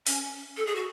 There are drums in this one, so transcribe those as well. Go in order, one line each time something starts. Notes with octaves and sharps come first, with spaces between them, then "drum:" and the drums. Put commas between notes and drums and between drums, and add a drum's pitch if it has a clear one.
C#4, drum: open hi-hat
A4
G#4
F#4